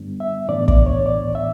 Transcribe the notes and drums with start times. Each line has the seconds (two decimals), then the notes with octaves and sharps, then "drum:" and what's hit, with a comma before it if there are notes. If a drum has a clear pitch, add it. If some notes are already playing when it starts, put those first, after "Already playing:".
Already playing: G2 D3 G3 B3 D4
0.20 E5
0.48 A2 E3 B3 D4 D5
0.68 D5, drum: kick
0.86 C#5
1.06 D5
1.35 E5